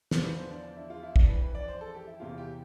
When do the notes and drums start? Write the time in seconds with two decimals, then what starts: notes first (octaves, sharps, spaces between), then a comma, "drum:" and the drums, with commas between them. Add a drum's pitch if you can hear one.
0.11 E2 D3 F3 C5, drum: snare
0.24 B4
0.38 C5
0.51 D4
0.64 D4
0.77 E4
0.90 F4
1.03 E4
1.16 F2 E3 D4, drum: kick
1.29 B4
1.42 B4
1.55 D5
1.68 C5
1.81 A4
1.95 G4
2.07 E4
2.20 E2 C3 E3 F4
2.38 G4